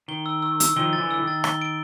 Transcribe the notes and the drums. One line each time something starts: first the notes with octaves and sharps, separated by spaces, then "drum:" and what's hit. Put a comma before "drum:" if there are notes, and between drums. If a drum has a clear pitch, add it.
D#3 G7
E6
E6
E6, drum: hi-hat
D#3 F3 G7
A6
D3 E3
E6
D#3
A6
G7, drum: rim click
D7